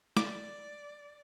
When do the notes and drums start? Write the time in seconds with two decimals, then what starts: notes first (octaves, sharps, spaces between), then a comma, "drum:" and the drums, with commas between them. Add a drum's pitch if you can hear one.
0.17 D5 D6, drum: snare G#3